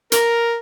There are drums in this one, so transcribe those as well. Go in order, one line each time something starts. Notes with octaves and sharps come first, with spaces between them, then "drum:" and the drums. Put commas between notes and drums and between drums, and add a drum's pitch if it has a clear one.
A#4, drum: hi-hat